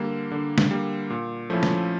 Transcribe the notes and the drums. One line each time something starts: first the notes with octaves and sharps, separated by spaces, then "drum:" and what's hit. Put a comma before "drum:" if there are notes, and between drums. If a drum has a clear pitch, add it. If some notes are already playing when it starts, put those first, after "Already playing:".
Already playing: D3 G3 A#3
D3
drum: snare
G3 A#3
A#2
F3 A3 C#4 E4
drum: snare